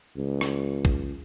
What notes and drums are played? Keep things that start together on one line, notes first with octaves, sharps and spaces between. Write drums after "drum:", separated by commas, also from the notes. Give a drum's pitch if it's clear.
C#2
drum: rim click
drum: kick